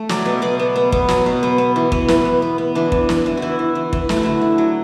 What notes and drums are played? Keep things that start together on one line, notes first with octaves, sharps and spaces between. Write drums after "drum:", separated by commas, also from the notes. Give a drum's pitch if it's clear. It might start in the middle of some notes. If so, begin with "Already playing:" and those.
Already playing: A3
F#3 D5, drum: snare
B2
B2 D5
B3
B3
B3, drum: kick
F#3, drum: snare
B2
B3
B3
E3
B3, drum: kick
E3 B4, drum: snare
B3
B3
B3
E3 D4
B3, drum: kick
E3, drum: snare
E3
E3 E4 F#4
E3
E3
E3, drum: kick
A3 E4, drum: snare
F#4
D3 E4
A3
F#3